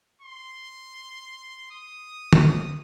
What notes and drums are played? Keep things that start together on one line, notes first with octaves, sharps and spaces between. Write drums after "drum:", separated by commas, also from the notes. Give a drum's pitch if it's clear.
C6
D#6
drum: tom D3